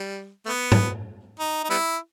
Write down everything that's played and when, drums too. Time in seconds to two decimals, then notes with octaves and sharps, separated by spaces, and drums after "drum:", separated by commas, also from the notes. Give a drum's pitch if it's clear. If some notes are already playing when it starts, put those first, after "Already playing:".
Already playing: G3
0.45 A3
0.49 B3
0.72 drum: tom G#2
1.39 D#4
1.64 D#4
1.70 G3 B3 E4